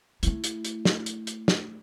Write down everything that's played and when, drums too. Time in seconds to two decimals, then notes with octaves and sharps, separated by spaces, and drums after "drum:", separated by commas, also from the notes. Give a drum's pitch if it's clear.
0.23 A3 E4, drum: hi-hat
0.44 drum: hi-hat
0.65 drum: hi-hat
0.85 drum: snare
1.06 drum: hi-hat
1.27 drum: hi-hat
1.48 drum: snare